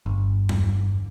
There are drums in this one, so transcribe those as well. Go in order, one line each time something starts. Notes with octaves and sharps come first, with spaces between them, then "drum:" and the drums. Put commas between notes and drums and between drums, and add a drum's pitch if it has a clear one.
G1
drum: tom E2